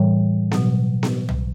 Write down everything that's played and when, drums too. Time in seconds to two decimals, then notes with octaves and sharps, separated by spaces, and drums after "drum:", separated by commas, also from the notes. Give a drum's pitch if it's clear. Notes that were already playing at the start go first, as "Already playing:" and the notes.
Already playing: A2 E3 G3 C#5
0.52 B2 F#3, drum: snare B3
1.03 drum: snare B3
1.29 drum: tom